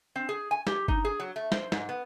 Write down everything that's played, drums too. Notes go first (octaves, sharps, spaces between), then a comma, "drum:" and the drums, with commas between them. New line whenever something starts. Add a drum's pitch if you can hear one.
C4
G#4
G#5
G4, drum: snare
D#4, drum: kick G1
G#4
F#3
A3
C5, drum: snare
G#2, drum: snare
B3